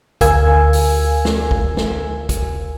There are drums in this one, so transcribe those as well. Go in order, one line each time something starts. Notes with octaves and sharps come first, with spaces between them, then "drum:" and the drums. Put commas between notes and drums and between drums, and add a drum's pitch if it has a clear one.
D2 A#4 F5 G#5 E6 G#6, drum: kick, hi-hat
drum: open hi-hat
drum: snare
drum: kick
drum: snare
drum: kick, hi-hat